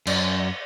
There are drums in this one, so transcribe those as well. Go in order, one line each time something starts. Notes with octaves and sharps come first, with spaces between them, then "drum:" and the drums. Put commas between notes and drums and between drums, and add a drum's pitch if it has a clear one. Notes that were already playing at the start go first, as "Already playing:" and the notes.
F#2, drum: cymbal